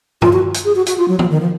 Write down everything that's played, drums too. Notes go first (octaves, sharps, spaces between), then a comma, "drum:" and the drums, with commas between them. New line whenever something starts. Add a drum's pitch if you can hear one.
F4, drum: tom
F#4
drum: hi-hat
G#4
F#4
F#4, drum: hi-hat
F4
F#3
F3, drum: tom D#3
D#3
F3